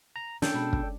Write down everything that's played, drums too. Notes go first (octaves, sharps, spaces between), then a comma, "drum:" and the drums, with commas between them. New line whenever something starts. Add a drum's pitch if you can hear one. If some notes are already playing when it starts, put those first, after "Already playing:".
A#5
C#4 D4 A4 G5, drum: snare
B2 G#3 F#4 B5
drum: kick